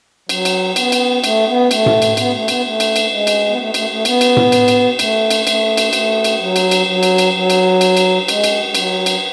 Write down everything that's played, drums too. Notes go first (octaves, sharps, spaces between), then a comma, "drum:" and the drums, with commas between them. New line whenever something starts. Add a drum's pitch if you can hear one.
F#3, drum: cymbal
drum: cymbal
B3, drum: cymbal
drum: cymbal
A3, drum: cymbal
B3
A3, drum: cymbal
drum: tom A2
drum: cymbal
B3, drum: cymbal
A3
B3, drum: cymbal
A3
drum: cymbal
drum: cymbal
G#3
drum: cymbal
B3
A3
A3, drum: cymbal
A3
B3, drum: cymbal
drum: cymbal
drum: tom A2
drum: cymbal
drum: cymbal
A3, drum: cymbal
drum: cymbal
A3, drum: cymbal
drum: cymbal
A3, drum: cymbal
drum: cymbal
F#3
drum: cymbal
drum: cymbal
F#3
drum: cymbal
drum: cymbal
F#3
drum: cymbal
drum: cymbal
drum: cymbal
G#3, drum: cymbal
drum: cymbal
G#3
F#3, drum: cymbal
drum: cymbal